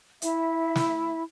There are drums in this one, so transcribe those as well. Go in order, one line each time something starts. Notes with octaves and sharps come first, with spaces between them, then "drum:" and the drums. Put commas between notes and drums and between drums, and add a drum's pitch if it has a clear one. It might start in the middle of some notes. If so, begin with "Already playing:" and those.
E4 E5, drum: hi-hat
drum: snare